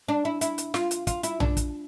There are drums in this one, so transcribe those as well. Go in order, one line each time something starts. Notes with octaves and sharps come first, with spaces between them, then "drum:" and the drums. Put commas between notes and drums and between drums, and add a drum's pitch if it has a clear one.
D4
E4
E4, drum: hi-hat
drum: hi-hat
F4, drum: snare
drum: hi-hat
F4, drum: kick, hi-hat
E4, drum: hi-hat
D4, drum: tom A#1
drum: kick, hi-hat